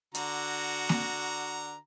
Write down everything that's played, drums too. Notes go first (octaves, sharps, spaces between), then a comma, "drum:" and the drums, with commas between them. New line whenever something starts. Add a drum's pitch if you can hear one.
D3 F#4 A#5, drum: hi-hat
drum: snare A#3